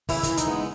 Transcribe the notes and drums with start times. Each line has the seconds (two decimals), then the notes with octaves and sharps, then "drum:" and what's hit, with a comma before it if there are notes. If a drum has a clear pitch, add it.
0.09 C#3 E3 E4, drum: kick, open hi-hat
0.23 D#3, drum: kick, hi-hat
0.28 C#3 E3
0.37 D#4, drum: hi-hat
0.47 G#3 B3